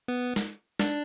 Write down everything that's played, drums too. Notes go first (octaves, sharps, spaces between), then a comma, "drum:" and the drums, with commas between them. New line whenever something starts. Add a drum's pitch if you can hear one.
B3
drum: snare
D4, drum: snare